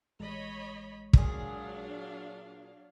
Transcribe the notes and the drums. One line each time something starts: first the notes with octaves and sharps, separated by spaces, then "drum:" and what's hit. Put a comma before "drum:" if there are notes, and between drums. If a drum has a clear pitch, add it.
A1 G#3 C#5 D#5 B5
A#2 F#3 D4 G#4 F5, drum: kick